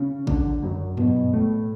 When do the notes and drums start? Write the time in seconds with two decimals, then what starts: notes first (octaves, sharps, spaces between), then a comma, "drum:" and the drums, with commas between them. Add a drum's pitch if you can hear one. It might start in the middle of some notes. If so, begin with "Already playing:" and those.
Already playing: C#3 C#4
0.27 D3 D4, drum: kick G#1
0.63 F#2 F#3
0.97 B2 B3, drum: tom G2
1.32 A2 A3